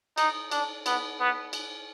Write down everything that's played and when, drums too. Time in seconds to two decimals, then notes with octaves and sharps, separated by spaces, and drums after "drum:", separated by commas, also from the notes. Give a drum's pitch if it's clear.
0.18 D#4, drum: cymbal
0.51 D4, drum: cymbal
0.86 B3, drum: cymbal
1.19 B3
1.53 drum: cymbal